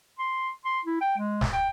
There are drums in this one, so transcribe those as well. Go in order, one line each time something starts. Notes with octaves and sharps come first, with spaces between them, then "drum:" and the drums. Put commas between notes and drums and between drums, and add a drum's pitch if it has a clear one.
C6
C6
E4
G5
G#3
drum: snare
G5